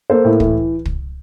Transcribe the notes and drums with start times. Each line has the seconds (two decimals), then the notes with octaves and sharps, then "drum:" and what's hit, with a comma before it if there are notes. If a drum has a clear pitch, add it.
0.10 A#3 A4 C5
0.25 A2
0.40 E3, drum: kick
0.85 drum: kick